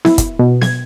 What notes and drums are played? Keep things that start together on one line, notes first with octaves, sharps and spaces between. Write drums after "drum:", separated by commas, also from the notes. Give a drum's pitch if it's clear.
E4, drum: snare B3
drum: kick, hi-hat
B2
G#6, drum: snare B3